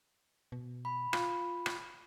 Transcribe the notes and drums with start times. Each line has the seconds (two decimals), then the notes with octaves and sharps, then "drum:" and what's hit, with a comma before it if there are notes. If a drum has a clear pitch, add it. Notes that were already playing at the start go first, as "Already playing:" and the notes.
0.52 B2
0.85 B5
1.13 F4, drum: rim click
1.66 drum: rim click